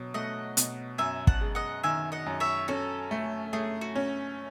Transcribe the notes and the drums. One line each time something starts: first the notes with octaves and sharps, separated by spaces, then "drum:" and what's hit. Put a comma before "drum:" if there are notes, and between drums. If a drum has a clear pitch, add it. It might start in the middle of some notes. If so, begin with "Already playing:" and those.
Already playing: B2 F#3
A3 D#5 F#5
B2, drum: hi-hat
F#2 E5 G#5
F#5 A5, drum: kick
G#3
D#5 F#5
D#3 E5 G#5
D#5 F#5
F#2
C#5 E5
C#4 F#4 A4
A3
A3 G#4
F#4
C#4